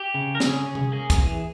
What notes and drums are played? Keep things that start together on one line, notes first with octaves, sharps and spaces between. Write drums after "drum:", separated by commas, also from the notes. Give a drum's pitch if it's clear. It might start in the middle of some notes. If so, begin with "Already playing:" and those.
Already playing: G4
C#3
A#4
C#3 G#4, drum: snare
C#4
drum: tom C3
A#3 G#4
drum: kick, hi-hat
E3